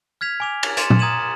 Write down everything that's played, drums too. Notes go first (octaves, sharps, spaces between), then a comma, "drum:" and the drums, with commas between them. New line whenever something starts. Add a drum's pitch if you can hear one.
F6 G#6 B6 F7
G#5 D6 F7
drum: cymbal
C6 D6 A6 C#7 D#7 E7, drum: hi-hat
drum: tom A#2
A#5 D#6 G#6 D#7 E7 F#7